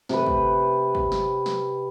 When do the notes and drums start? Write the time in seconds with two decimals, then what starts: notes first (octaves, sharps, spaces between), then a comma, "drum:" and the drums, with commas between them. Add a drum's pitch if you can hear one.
0.09 C3 B4, drum: snare
0.26 drum: kick
0.95 drum: kick
1.12 drum: snare
1.46 drum: snare